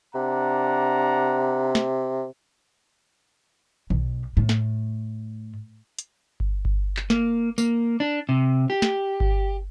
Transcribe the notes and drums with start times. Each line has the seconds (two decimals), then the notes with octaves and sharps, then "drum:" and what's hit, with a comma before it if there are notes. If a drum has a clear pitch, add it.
0.15 C3 D4 F#5 A#5
1.75 drum: snare
3.90 B1, drum: tom D#3
4.37 A2
4.49 drum: snare
5.99 drum: hi-hat
6.40 drum: kick G1
6.65 drum: kick G1
6.97 drum: clap
7.10 A#3, drum: snare
7.58 A#3, drum: tambourine
8.00 D4
8.29 C3
8.70 G4
8.82 drum: snare
9.20 drum: kick G1